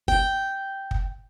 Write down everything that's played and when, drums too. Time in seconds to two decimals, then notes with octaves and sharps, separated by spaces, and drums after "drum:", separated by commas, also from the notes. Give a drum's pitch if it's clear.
0.08 G5, drum: kick
0.91 drum: kick